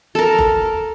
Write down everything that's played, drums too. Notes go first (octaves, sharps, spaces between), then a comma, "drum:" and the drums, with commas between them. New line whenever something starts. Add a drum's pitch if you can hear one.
A4 A#4
drum: kick F#1